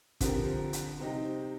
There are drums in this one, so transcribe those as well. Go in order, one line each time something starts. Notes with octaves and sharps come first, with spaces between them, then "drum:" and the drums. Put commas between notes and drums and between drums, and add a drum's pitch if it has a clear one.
D3 F3 C4 G4 A#4, drum: kick, hi-hat
drum: hi-hat
C3 G3 C4 D#4 G4